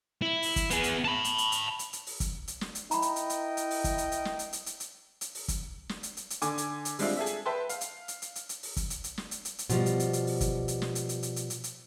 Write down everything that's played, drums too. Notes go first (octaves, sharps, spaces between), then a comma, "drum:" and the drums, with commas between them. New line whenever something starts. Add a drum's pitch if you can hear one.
E4
drum: open hi-hat
drum: kick, hi-hat
B3 G#4, drum: hi-hat
drum: hi-hat
A5 B5
drum: hi-hat
drum: hi-hat
drum: hi-hat
drum: hi-hat
drum: hi-hat
drum: open hi-hat
drum: kick, hi-hat
drum: hi-hat
drum: snare
drum: hi-hat
E4 A#4 D#5 G5 A#5 B5, drum: hi-hat
drum: hi-hat
drum: hi-hat
drum: hi-hat
drum: hi-hat
drum: open hi-hat
drum: kick, hi-hat
drum: hi-hat
drum: hi-hat
drum: snare
drum: hi-hat
drum: hi-hat
drum: hi-hat
drum: hi-hat
drum: hi-hat
drum: open hi-hat
drum: kick, hi-hat
drum: snare
drum: hi-hat
drum: hi-hat
drum: hi-hat
D3 G#5 D6, drum: hi-hat
drum: hi-hat
drum: hi-hat
G3 G#3 C4 D4 E4 F4, drum: open hi-hat
G#4 A4 E5
drum: hi-hat
B4 E5 G5 A5 C6
F5, drum: hi-hat
drum: hi-hat
drum: hi-hat
drum: hi-hat
drum: hi-hat
drum: hi-hat
drum: open hi-hat
drum: kick, hi-hat
drum: hi-hat
drum: hi-hat
drum: snare
drum: hi-hat
drum: hi-hat
drum: hi-hat
B2 F3 G3, drum: hi-hat
drum: hi-hat
drum: hi-hat
drum: hi-hat
drum: open hi-hat
drum: kick, hi-hat
drum: hi-hat
drum: snare
drum: hi-hat
drum: hi-hat
drum: hi-hat
drum: hi-hat
drum: hi-hat
drum: hi-hat